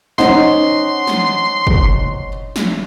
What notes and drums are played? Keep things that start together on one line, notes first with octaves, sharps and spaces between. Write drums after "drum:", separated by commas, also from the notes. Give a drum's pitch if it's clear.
C#4 D#4 C5 F#5 C6, drum: snare
drum: snare
drum: kick
drum: snare